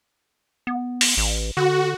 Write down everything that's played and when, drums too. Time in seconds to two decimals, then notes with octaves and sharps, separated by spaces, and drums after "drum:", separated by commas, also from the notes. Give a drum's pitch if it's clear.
0.67 B3
1.01 drum: open hi-hat
1.17 A1
1.57 D3 F#4